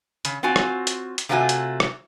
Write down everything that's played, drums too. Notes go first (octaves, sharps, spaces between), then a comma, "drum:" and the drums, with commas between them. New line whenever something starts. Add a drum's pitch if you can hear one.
C#3, drum: hi-hat
C4 F4 F#4 G#5
drum: rim click
drum: hi-hat
drum: hi-hat
C3 A3 F4 F#4 A#4 G#5
drum: hi-hat
drum: rim click